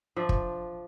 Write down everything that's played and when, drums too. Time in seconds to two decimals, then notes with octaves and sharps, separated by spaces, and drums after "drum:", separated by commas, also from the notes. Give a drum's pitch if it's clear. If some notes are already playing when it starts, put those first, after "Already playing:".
0.16 F3 D4 E5
0.29 drum: kick